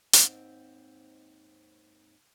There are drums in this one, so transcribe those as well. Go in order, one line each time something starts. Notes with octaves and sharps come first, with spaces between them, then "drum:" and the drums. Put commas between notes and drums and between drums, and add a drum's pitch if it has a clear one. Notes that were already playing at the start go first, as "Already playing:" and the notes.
D#2 G#2 C4, drum: hi-hat